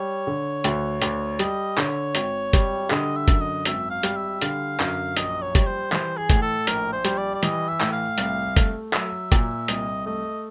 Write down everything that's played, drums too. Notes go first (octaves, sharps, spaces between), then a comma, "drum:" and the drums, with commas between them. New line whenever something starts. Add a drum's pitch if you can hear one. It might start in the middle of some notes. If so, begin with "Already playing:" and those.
Already playing: G3 C#5
D3
D2, drum: hi-hat
D2, drum: hi-hat
G3 D#5, drum: hi-hat
D3 C#5, drum: clap
G#1, drum: hi-hat
G3, drum: kick, hi-hat
D3 D#5, drum: clap
E5
F#2, drum: kick, hi-hat
D#5
G#1 E5, drum: hi-hat
F5
G3, drum: hi-hat
E5
D3 F5, drum: hi-hat
F#2, drum: clap
A#1 D#5, drum: hi-hat
C#5
G3, drum: kick, hi-hat
C5
E3 C5, drum: clap
G#4
A2, drum: kick, hi-hat
A4
A#1 A#4, drum: hi-hat
C5
G3, drum: hi-hat
D5
D5
E3 D#5, drum: hi-hat
E5
A2, drum: clap
F5
C2, drum: hi-hat
A3, drum: kick, hi-hat
F#3 E5, drum: clap
A#2, drum: kick, hi-hat
C2 D#5, drum: hi-hat
A3 D#5